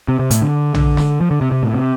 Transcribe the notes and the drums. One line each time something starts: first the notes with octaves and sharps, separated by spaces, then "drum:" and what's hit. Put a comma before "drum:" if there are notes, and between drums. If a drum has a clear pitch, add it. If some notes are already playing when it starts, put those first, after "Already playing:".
C3
C3
A2, drum: hi-hat
D3
D3, drum: tom
drum: snare
F3
D3
C3
C3
A2
C3